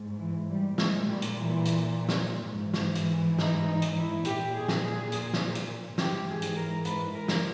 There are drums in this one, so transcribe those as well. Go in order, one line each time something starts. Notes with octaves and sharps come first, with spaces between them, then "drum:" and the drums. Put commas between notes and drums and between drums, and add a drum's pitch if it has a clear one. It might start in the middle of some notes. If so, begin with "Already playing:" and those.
Already playing: G#2
E3
G3
A#2 G#3, drum: snare
G3
drum: hi-hat
E3
drum: hi-hat
drum: snare
G#2 E3
drum: snare
drum: hi-hat
D#4, drum: snare
D#4
drum: hi-hat
E4
A#2 G4, drum: hi-hat
G#4
drum: snare
G#4
drum: hi-hat
drum: snare
drum: hi-hat
G#2 E3 G4, drum: snare
G#4
drum: hi-hat
A#4
B4, drum: hi-hat
A#4
drum: snare